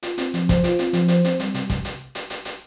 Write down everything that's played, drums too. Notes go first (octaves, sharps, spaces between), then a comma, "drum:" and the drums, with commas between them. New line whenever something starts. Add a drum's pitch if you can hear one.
F4, drum: hi-hat
C4, drum: hi-hat
F3, drum: hi-hat
C5, drum: kick, hi-hat
F4, drum: hi-hat
C4, drum: hi-hat
F3, drum: hi-hat
C5, drum: hi-hat
C4, drum: hi-hat
G3, drum: hi-hat
C3, drum: hi-hat
drum: kick, hi-hat
drum: hi-hat
drum: hi-hat
drum: hi-hat
drum: hi-hat